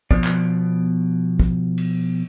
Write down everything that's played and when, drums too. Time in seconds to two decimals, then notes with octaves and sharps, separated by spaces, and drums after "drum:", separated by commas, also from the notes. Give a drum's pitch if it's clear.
0.11 B2 F3 B3 D5, drum: kick
0.24 drum: clap
1.39 drum: kick
1.78 drum: cymbal